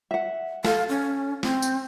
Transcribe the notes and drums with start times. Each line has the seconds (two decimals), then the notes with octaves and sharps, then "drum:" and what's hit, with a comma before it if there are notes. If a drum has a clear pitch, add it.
0.11 E5 F#5
0.65 A4 F5, drum: snare
0.89 C#4
1.43 C4, drum: snare
1.62 drum: tambourine